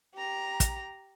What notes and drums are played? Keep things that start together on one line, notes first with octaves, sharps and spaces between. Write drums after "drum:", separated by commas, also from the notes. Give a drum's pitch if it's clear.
G4 A#5
drum: kick, hi-hat